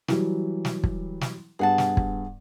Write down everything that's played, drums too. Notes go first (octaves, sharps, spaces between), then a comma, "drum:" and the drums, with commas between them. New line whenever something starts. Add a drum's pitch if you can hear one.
E3 F#3 G3, drum: snare
drum: snare
drum: kick
drum: snare
G2 B3 G#4 F#5 A5
drum: snare
drum: kick